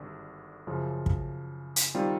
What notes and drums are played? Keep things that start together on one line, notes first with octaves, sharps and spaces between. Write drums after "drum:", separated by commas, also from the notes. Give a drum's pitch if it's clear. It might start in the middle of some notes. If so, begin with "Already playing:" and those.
Already playing: G#1 G2 D3
F#2 C#3 F3
drum: kick
drum: hi-hat
D#3 G3 C4 F4